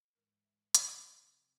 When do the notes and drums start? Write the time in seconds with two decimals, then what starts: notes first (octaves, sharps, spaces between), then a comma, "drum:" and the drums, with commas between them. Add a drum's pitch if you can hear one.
0.14 G#2 E3 G#3 A#4
0.44 E5
0.75 C#5, drum: hi-hat
1.05 C3 F3 C4 C5